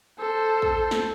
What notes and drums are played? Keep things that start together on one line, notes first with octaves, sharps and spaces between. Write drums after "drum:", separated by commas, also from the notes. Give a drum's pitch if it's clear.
A4 C5
drum: kick
drum: snare